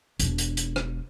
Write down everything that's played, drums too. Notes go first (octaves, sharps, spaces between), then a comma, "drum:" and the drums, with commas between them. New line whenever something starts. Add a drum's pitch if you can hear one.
E1 D4, drum: hi-hat
drum: hi-hat
drum: hi-hat
drum: rim click